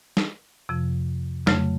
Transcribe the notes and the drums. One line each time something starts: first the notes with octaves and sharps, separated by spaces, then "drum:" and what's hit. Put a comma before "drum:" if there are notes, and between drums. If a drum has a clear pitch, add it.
drum: snare
F2 C3 F3
F2 C#3 F#3 A3, drum: snare